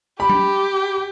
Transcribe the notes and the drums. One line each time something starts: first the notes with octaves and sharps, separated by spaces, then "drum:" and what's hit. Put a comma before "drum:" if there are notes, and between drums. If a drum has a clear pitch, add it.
G4 B5
drum: tom F#3